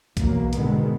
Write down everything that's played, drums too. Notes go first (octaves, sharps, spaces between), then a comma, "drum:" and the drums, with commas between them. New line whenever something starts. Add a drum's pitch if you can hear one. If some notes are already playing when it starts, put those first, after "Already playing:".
B1 E2 F#3 A#3, drum: kick, hi-hat
G#2 B2 D3 D#3 G#3 B3, drum: hi-hat